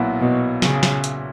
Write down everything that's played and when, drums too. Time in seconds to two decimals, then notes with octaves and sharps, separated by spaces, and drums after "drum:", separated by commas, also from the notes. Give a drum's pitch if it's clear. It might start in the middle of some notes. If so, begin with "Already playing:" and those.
Already playing: B1 A#2 F#3 B3 E4
0.20 B2
0.62 C#3, drum: snare
0.83 drum: snare
1.04 drum: hi-hat